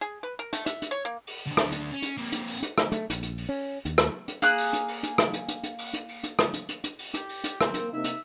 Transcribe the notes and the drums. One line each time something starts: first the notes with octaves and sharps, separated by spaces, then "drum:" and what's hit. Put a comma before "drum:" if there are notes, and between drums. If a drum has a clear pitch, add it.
G#4
B4
A#4
A3, drum: hi-hat
E5, drum: hi-hat
drum: hi-hat
C#5
A#3
drum: open hi-hat
D2 D3
drum: rim click
drum: hi-hat
C#4
drum: hi-hat
A#3 C4, drum: open hi-hat
drum: hi-hat
drum: open hi-hat
drum: hi-hat
drum: rim click
A3, drum: hi-hat
A#1, drum: hi-hat
drum: hi-hat
drum: open hi-hat
C#4
D#2, drum: hi-hat
drum: rim click
drum: hi-hat
A#3 G#4 F#6, drum: hi-hat
drum: open hi-hat
drum: hi-hat
drum: open hi-hat
drum: hi-hat
drum: rim click
drum: hi-hat
drum: hi-hat
drum: hi-hat
drum: open hi-hat
drum: hi-hat
drum: open hi-hat
drum: hi-hat
drum: rim click
drum: hi-hat
drum: hi-hat
drum: hi-hat
drum: open hi-hat
G4, drum: hi-hat
drum: open hi-hat
drum: hi-hat
A#3 C4, drum: rim click
drum: hi-hat
C3 A#3 D#4 E5
drum: hi-hat